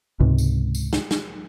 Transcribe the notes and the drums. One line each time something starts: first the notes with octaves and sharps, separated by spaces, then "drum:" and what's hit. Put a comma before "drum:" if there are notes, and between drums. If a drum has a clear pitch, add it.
C#2 G#2 C3
drum: tambourine
drum: tambourine
drum: snare
drum: snare